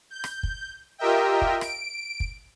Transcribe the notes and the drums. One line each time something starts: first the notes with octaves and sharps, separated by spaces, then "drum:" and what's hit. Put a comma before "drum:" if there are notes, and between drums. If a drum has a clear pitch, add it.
G6
drum: rim click
drum: kick
F4 G4 A#4 D#5 E5 G5
drum: kick
D7, drum: rim click
drum: kick